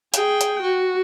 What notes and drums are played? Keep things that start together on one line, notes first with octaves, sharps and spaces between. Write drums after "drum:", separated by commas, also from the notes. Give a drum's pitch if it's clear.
G#4 G5, drum: hi-hat
drum: hi-hat
F#4